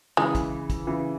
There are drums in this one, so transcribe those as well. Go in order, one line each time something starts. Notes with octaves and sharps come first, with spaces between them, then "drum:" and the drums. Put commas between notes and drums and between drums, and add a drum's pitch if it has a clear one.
C#3 E3 G#3
drum: kick, hi-hat
drum: kick, hi-hat
C#3 E3